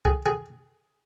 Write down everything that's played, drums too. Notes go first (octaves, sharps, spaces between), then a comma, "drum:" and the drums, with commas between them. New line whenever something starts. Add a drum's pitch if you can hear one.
G#4, drum: kick C2
G#4